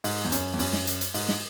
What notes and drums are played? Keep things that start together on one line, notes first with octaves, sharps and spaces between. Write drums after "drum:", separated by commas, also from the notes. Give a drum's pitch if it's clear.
G#2, drum: open hi-hat
E2
F#2, drum: hi-hat
E2
F#2, drum: open hi-hat
drum: snare
drum: hi-hat
drum: hi-hat
G#2, drum: open hi-hat
drum: snare